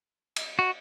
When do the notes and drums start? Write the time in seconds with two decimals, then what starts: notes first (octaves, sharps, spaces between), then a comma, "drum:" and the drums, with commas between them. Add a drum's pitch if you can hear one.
0.36 drum: cymbal
0.59 F#4